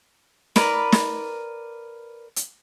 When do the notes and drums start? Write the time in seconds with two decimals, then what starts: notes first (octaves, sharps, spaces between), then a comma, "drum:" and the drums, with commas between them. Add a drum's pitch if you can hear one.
0.56 A#4 B4 D5 A#5, drum: snare
0.92 drum: snare
2.36 drum: hi-hat